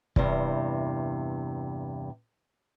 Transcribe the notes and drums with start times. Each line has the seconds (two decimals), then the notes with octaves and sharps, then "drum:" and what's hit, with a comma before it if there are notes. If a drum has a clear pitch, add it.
0.16 E2 G2 C3, drum: kick